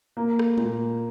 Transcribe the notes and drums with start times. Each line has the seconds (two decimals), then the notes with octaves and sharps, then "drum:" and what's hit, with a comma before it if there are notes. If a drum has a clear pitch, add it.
0.17 A#3
0.39 drum: rim click
0.58 A#2, drum: tom